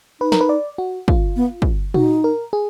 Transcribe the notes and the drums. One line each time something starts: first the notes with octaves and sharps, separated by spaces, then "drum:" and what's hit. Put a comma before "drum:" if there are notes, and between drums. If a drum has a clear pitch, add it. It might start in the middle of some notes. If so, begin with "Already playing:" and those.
D#4 B4
A#4, drum: snare
B4
D5
F#4
F4, drum: kick
B3
drum: kick
D#4 F#4, drum: tom A#2
A#4
G#4